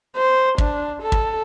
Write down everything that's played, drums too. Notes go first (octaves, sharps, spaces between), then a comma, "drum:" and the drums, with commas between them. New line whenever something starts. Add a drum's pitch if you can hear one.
C5
D4, drum: kick
A4
drum: kick